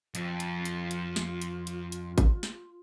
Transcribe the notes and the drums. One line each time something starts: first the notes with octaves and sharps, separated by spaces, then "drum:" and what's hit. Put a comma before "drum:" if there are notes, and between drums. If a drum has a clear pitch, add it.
F2 F4, drum: hi-hat
drum: hi-hat
drum: hi-hat
drum: hi-hat
drum: snare
drum: hi-hat
drum: hi-hat
drum: hi-hat
drum: kick G#1, hi-hat
drum: snare